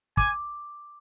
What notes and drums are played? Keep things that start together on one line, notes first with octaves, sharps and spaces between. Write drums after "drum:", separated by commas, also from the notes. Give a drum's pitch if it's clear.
G#5 D6, drum: kick